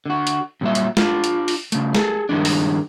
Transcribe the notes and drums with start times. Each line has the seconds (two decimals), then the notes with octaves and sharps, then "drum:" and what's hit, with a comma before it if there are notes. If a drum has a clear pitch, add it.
0.06 D3 F#4
0.27 drum: hi-hat
0.61 F2 A#2 F#3 G3 E5
0.75 drum: hi-hat
0.97 D4 F4, drum: snare
1.24 drum: hi-hat
1.48 drum: open hi-hat
1.72 C#3 A3, drum: hi-hat
1.95 G#4 A4, drum: snare
2.29 G2 D#3 G3 G#3 D4
2.45 drum: open hi-hat